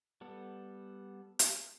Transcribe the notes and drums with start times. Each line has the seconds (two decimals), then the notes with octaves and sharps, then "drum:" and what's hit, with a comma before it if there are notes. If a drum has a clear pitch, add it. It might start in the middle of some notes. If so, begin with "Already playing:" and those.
0.21 G3 B3 A4
1.39 drum: hi-hat